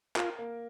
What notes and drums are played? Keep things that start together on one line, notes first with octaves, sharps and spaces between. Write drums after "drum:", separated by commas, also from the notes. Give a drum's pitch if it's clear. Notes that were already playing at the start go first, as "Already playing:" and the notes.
F4 A#4, drum: clap
A#3